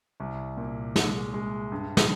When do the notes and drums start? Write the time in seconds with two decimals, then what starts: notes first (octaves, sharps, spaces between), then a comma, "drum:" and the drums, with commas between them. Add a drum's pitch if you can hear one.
0.20 C2
0.57 A#2
0.96 G#3, drum: snare
1.34 G#3
1.72 G2
1.97 drum: snare